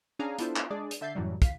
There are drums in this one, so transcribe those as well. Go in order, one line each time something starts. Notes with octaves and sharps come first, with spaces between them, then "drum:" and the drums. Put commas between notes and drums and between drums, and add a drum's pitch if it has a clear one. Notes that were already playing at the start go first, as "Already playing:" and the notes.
C#4 D4 G#4 F5 G#5 A#5
B3 D4 E4 F4 A4 C5, drum: hi-hat
drum: clap
G#3 D4 G#4 D5
drum: hi-hat
D3 E5 G6 A6 C7
F#2 A2 E3 F#3 G3
F5 B6, drum: kick, hi-hat